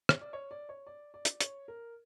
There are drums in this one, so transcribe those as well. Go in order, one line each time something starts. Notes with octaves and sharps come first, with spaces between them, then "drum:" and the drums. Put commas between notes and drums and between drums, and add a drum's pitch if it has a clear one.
drum: rim click
D5
C#5
D5
C#5
D5
D5
drum: hi-hat
C#5, drum: hi-hat
A#4